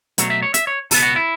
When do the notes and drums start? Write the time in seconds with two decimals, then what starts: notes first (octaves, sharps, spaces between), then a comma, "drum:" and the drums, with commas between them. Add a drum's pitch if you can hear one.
0.18 B2 F#3 A3 C#5, drum: hi-hat
0.30 E5
0.42 C#5
0.54 E5, drum: hi-hat
0.67 C#5
0.91 C#2 B2 B3 A4, drum: open hi-hat
1.03 F#4
1.16 E4